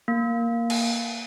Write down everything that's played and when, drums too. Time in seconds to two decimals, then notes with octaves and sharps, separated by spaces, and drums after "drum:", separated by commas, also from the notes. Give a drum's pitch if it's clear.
0.08 A#3
0.70 drum: cymbal